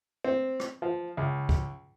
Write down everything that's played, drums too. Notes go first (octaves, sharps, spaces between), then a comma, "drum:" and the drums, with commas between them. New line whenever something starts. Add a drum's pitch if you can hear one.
C4
drum: rim click
F3
C#2
drum: kick